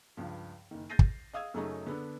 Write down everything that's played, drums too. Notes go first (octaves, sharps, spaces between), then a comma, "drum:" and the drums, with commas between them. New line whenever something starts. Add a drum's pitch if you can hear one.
C#2 G2 F3
F#1 D#3
G6 A6 A#6 C7 D#7
drum: kick
D#5 F5 D#6 E6 G#6
F#2 C#3 F#3 A3 C#4 D#4
D3 B3 D4